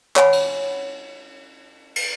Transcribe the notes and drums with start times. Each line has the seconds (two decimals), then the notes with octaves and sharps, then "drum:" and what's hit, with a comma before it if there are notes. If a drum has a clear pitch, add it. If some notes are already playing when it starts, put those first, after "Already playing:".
0.16 C#5 F#5 G#5 B5, drum: clap
0.33 drum: cymbal
1.96 drum: cymbal